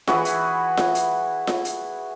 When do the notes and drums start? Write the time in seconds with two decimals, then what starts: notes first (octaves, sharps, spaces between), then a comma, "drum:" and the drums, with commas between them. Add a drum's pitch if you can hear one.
0.07 E3 E4 F#4 G#4, drum: snare F4
0.25 drum: hi-hat
0.77 drum: snare F4
0.95 drum: hi-hat
1.47 drum: snare F4
1.65 drum: hi-hat